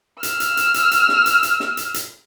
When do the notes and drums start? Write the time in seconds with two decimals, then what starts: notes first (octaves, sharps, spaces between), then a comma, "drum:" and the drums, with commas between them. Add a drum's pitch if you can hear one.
0.23 E6 F6, drum: hi-hat
0.40 drum: hi-hat
0.57 drum: hi-hat
0.74 drum: hi-hat
0.91 drum: hi-hat
1.09 drum: snare
1.26 drum: hi-hat
1.43 drum: hi-hat
1.60 drum: snare
1.77 drum: hi-hat
1.94 drum: hi-hat